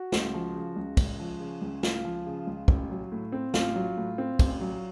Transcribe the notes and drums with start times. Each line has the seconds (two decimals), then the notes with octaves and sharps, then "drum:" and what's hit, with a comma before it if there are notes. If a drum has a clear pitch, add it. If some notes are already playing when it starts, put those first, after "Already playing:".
Already playing: F#4
0.12 C#2, drum: snare
0.34 F3
0.55 C#3
0.76 C#2
0.97 C#2, drum: kick, cymbal
1.20 F3
1.40 C#3
1.61 C#2
1.83 C#2 F4, drum: snare
2.05 F3
2.26 C#3
2.47 C#2
2.68 A1, drum: kick
2.89 F#3
3.12 A2
3.32 C4
3.54 A1 F4, drum: snare
3.75 F#3
3.97 A2
4.18 C4
4.39 A1, drum: kick, cymbal
4.61 F#3